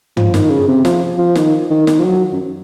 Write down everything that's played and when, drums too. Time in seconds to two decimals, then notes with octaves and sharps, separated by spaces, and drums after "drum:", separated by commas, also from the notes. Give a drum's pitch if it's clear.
0.17 F3, drum: tom
0.34 D#3, drum: snare
0.50 C#3
0.68 C3
0.85 F3, drum: snare
1.18 F3
1.35 D#3, drum: snare
1.70 D#3
1.87 D#3, drum: snare
1.99 F3
2.05 F#3
2.33 F#2